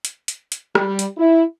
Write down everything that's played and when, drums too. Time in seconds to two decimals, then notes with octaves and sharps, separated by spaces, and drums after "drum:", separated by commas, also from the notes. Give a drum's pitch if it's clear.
0.05 drum: hi-hat
0.28 drum: hi-hat
0.52 drum: hi-hat
0.75 G3, drum: rim click
0.99 drum: hi-hat
1.18 E4